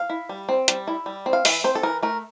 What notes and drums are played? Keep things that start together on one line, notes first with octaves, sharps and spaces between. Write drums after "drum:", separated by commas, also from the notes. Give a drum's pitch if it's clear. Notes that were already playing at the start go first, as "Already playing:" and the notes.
Already playing: F5
E4
G3
C4
G3, drum: hi-hat
E4
G3
C4
F5
E3 E5, drum: open hi-hat
C4 C5
A4
E3 A#4
A3 A#4